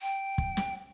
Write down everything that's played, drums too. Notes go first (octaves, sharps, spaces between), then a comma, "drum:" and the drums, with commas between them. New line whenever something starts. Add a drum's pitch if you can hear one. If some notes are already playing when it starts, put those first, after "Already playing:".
G5
drum: kick
drum: snare